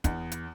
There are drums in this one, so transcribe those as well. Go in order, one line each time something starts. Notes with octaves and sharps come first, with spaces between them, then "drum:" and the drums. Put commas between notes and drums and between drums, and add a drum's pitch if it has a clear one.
E2, drum: kick, hi-hat
drum: hi-hat